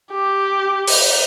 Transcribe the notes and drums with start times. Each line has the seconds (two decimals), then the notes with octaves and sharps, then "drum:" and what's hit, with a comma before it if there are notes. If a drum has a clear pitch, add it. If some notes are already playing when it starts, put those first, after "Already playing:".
0.12 G4
0.88 drum: open hi-hat